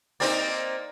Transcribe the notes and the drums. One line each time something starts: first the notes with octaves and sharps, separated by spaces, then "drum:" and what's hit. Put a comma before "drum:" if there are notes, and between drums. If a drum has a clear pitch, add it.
A#3 C4 D#4 D5, drum: open hi-hat